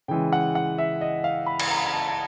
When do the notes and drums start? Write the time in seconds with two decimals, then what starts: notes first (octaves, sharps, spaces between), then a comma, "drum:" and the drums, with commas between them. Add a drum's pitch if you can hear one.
0.08 C#3 E3 G#3 G5
0.33 F#5
0.55 F#5
0.78 E5
1.01 D#5
1.24 F5
1.46 B5
1.59 drum: cymbal
1.71 A#5
1.77 B5
1.86 A#5
1.93 A5
2.08 A5